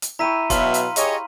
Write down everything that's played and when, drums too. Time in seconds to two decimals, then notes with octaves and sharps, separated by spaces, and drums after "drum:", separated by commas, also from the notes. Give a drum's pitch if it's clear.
0.02 drum: hi-hat
0.19 E4 G5 A#5 C#6 B6 D#7
0.50 B2 F#3 E5 F5 B5 C6, drum: kick, hi-hat
0.74 drum: hi-hat
0.96 G4 G#4 C#5 D#5, drum: hi-hat